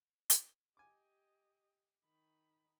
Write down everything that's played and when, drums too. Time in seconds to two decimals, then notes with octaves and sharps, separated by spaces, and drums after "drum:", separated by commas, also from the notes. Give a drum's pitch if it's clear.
0.30 drum: hi-hat
0.77 G4 D#5 G#5 D6
2.05 D#3 B5